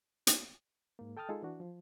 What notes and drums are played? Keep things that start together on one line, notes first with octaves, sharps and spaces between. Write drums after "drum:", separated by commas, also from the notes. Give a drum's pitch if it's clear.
drum: hi-hat
G#2 A#3
A4 G5 A5 D#6 F6 A6
G#3 D#4 F4 G#4 A4
E3 D4 F#4
F3